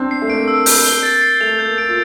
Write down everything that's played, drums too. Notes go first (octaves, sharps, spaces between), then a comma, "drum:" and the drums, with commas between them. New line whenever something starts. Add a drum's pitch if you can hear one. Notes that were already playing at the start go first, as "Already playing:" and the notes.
Already playing: C4 D4
C7
A3
A#3 D7
E6
G6, drum: open hi-hat
G7
A6
C7
A3 F7
A#3 G6
A4 D7
F4